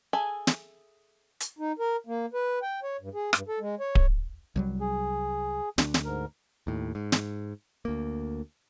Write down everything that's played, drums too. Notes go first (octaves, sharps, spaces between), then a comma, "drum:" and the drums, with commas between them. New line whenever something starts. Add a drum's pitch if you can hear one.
G#4 A4 E5 G#5
drum: snare
drum: hi-hat
D#4
A#4
A#3
B4
G5
C#5
G2
G#4
G2, drum: rim click
A4
G#3
C#5
drum: kick D1
C2 F#3 G3
G#4
D2 D4, drum: snare
drum: snare
G#2 A#4
D#2 A2
G#2
drum: snare
D2 A#3